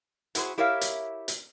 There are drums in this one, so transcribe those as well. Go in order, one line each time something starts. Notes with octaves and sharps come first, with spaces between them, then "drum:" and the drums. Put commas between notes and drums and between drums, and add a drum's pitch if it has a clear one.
E4 F#4 G#4 B4 C5, drum: hi-hat
E4 G4 A#4 C#5 E5 F5
drum: hi-hat
drum: hi-hat